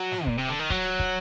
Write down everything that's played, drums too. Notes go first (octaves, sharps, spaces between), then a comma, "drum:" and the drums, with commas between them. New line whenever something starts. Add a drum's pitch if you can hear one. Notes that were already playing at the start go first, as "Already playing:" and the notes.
Already playing: F#3
drum: snare G#2
A#2, drum: kick
C3
D3
D#3
F#3, drum: kick
drum: kick